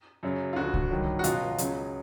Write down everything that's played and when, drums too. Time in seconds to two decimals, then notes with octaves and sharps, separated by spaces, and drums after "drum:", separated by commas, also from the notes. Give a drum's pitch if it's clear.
0.23 F#2 C#3 F#3
0.53 F4
0.56 D2 D3 F3 F#4
0.74 drum: kick C2
0.91 G2 D#3 F#3
1.19 F#4
1.24 C#2 B2 F#3 F4, drum: hi-hat
1.58 C#2 C#3 F#3, drum: hi-hat